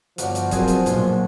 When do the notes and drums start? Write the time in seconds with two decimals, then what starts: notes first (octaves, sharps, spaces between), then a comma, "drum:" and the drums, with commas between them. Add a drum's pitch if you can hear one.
0.18 G1 F3 F#4 A#4 C#5 D5, drum: hi-hat
0.35 drum: hi-hat
0.51 B2 F#3 C4 F#4 G#4 A#4 A5, drum: kick, hi-hat
0.68 drum: hi-hat
0.86 B1 A#2 D4 F#4 C6, drum: hi-hat